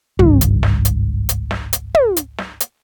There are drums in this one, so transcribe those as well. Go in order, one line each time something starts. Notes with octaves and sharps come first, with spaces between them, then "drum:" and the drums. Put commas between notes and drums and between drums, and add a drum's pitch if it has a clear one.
G#1 C#2 G2, drum: tom
drum: hi-hat
drum: snare
drum: hi-hat
drum: hi-hat
drum: snare
drum: hi-hat
drum: tom
drum: hi-hat
drum: snare
drum: hi-hat